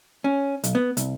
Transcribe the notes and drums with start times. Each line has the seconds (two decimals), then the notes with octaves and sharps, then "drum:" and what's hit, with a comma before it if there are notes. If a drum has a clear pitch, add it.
0.24 C#4
0.64 B1, drum: hi-hat
0.75 B3
0.97 C2, drum: hi-hat